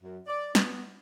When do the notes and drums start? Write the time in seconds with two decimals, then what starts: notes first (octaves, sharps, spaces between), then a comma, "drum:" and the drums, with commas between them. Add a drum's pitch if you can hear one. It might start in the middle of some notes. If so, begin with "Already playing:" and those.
0.02 F#2
0.27 D5
0.55 B3, drum: snare